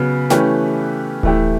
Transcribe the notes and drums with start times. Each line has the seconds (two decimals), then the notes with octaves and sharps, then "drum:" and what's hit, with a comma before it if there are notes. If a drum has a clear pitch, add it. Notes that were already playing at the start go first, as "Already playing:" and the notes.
Already playing: C#3 F#3 B3
0.30 E3 A3 C#4 G4 B4, drum: snare
1.23 E3 A3 E4 G4, drum: kick D1